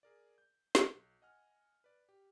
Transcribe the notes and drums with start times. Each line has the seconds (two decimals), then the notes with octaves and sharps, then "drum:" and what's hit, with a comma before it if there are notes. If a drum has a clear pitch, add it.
0.03 G#4 A#4 D5
0.38 G6
0.75 drum: snare
0.95 B1
1.22 D#5 F#5 G#5 F6
1.84 B4 D5
2.09 G4